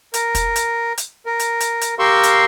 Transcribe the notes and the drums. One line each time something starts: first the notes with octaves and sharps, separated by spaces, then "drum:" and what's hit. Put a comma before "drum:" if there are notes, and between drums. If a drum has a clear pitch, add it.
A#4, drum: hi-hat
drum: kick, hi-hat
drum: hi-hat
drum: hi-hat
A#4
drum: hi-hat
drum: hi-hat
drum: hi-hat
G4 A#4 F5 C6 C#6 E6
drum: hi-hat